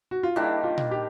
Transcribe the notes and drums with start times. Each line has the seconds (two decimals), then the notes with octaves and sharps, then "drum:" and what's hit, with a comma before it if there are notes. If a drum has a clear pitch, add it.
0.11 F#4
0.23 F4
0.36 D#3 G3 A#3 D4 E4
0.64 F4
0.78 drum: tom A#2
0.91 G4